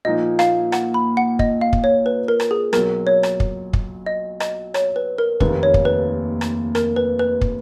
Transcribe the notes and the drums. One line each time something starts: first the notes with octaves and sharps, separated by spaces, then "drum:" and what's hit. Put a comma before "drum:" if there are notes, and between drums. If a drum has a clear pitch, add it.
A#2 F3 A#3 D#4 D#5
F5, drum: rim click
F#5, drum: rim click
B5
F#5
D#5, drum: kick
F5
drum: kick
C#5
B4
A#4
drum: rim click
G#4
B1 B2 F#3 A#4, drum: rim click
C#5
drum: rim click
drum: kick
drum: kick
D#5
D#5, drum: rim click
C#5, drum: rim click
B4
A#4
F1 D#2 D#3 A#3 B4, drum: kick
C#5
drum: kick
B4
drum: rim click
A#4, drum: rim click
B4
B4
drum: kick